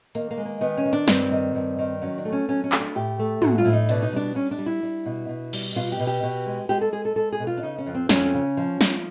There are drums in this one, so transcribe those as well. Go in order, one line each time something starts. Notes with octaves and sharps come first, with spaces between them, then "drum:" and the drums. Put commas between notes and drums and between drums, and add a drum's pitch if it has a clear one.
D#3 A#3, drum: hi-hat
A#3
G#3
A#3
D#3 B3
C#4
D#3
D4, drum: hi-hat
G2 C4, drum: snare
D#3
G2
D#3
F#3 C#4
D4
A3
C#4
F#3 C#4
C#4
A3, drum: clap
D4
A2 G4
A3
A2 F#4, drum: tom
F4
A2
D#4
B2 D4, drum: cymbal
D#4
G3 D4
G3 C#4
D4
G3
E4
G3
B2
B2
G3, drum: cymbal
B2 F4
G4
B2
G4
B2
G#3
G#3 G4
A4
G#3 G#4
A4
G#3 A4
G#4
B2
F4
D4
C#3 D#4
C#4
F2
C4
F2 C#4, drum: snare
C#3
F3
F3, drum: snare